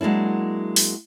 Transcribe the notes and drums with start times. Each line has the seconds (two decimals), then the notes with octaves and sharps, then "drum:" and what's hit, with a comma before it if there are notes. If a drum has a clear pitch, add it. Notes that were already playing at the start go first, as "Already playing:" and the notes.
0.01 F#3 G#3 A#3 D4 E4
0.76 drum: open hi-hat